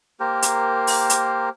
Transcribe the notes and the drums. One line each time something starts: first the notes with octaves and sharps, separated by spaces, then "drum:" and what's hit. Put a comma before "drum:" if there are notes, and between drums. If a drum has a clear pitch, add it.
A#3 G4 A#4 C5
drum: hi-hat
drum: open hi-hat
drum: hi-hat